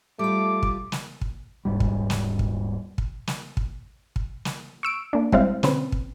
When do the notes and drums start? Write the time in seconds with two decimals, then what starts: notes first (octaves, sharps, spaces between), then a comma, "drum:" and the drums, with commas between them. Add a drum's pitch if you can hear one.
0.19 G3 A3 F4 D6
0.63 drum: kick
0.92 drum: snare
1.21 drum: kick
1.65 D#1 D#2 G#2 G3
1.80 drum: kick
2.10 drum: snare
2.39 drum: kick
2.98 drum: kick
3.27 drum: snare
3.57 drum: kick
4.16 drum: kick
4.45 drum: snare
4.83 C#6 E6 D7
5.13 A#3 D4
5.32 G3 G#3 C4 E4 C5 F5, drum: kick
5.63 B2 D3 C4 C#4 B4, drum: snare
5.92 drum: kick